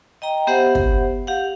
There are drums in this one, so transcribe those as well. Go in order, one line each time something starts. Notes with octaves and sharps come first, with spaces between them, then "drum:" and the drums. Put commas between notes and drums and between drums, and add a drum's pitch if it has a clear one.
D#5 G5 A#5
B3 G4 C5 E5 F#5
drum: kick
G4 F5 F#5